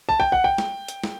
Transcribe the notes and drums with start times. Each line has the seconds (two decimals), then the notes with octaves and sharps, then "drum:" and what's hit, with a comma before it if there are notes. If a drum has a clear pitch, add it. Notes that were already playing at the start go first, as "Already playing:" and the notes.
0.09 A5
0.20 G5
0.32 F#5
0.44 G5
0.58 drum: snare
0.88 drum: hi-hat
1.04 drum: snare